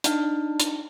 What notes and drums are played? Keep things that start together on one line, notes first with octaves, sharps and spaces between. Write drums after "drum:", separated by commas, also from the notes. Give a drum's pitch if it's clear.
D4 D#4, drum: hi-hat
drum: hi-hat